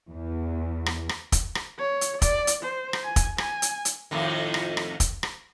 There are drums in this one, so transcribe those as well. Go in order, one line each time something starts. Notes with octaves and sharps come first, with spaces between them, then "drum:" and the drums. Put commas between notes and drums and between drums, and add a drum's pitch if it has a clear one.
E2
drum: rim click
drum: rim click
drum: kick, hi-hat
drum: rim click
C#5
drum: hi-hat
D5, drum: kick, hi-hat
drum: hi-hat
C5
drum: rim click
G#5
drum: kick, hi-hat
G#5, drum: rim click
drum: hi-hat
drum: hi-hat
F2 A2 D#3
drum: rim click
drum: rim click
drum: kick, hi-hat
drum: rim click